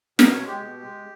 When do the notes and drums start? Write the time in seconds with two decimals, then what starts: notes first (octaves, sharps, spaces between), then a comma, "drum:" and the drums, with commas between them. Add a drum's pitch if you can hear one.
0.19 B2 A#4, drum: snare
0.33 C#5
0.40 G#3
0.47 G4
0.61 B2
0.82 G#3